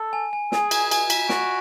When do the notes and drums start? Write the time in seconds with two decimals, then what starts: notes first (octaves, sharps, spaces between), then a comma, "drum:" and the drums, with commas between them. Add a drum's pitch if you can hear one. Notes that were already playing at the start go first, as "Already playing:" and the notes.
Already playing: A4
0.13 G#5
0.33 G#5
0.52 G#4 G#5, drum: snare
0.71 G#6, drum: cymbal
0.91 G#5, drum: cymbal
1.10 B6, drum: cymbal
1.29 F#4 D7, drum: snare